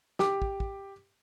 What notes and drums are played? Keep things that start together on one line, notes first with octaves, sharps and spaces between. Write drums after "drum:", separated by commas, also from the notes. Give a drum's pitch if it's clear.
G4 D6, drum: snare
drum: kick
drum: kick